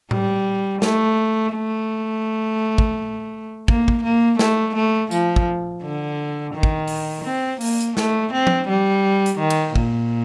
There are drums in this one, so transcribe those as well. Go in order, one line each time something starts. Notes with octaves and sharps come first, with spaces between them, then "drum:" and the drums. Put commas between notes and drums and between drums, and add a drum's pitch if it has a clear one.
G3, drum: tom A2
A3, drum: snare
A3
drum: kick
A#3, drum: kick
drum: kick
A#3
A3, drum: snare
A3
F3, drum: tambourine
drum: kick
D3
D#3
drum: kick
drum: open hi-hat
C4
A#3, drum: open hi-hat
drum: hi-hat
A3, drum: snare
C4
drum: tom F3
G3
drum: hi-hat
D#3
drum: cymbal
A#2, drum: kick